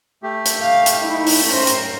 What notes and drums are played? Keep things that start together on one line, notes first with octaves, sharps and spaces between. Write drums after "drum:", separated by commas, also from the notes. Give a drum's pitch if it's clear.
A3 G4
drum: hi-hat
F5
drum: hi-hat
D#4 E4
drum: open hi-hat
C#4 A#4 C5
drum: hi-hat